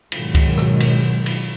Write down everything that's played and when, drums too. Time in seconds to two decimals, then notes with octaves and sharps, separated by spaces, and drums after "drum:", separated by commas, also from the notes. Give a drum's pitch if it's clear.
0.12 G#2 B2 D#3 F#3 G#3, drum: cymbal
0.35 drum: kick C#2, cymbal
0.57 drum: rim click
0.80 drum: cymbal
1.26 drum: cymbal